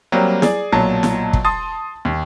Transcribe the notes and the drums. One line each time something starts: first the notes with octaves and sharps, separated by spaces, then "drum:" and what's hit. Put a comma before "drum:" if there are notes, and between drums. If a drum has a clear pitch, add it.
F#3 G3 A#3 C4
G#4 D5, drum: snare
B1 A#2 F#3 A5
drum: snare
drum: kick
A5 C6 D#6 A6
D#2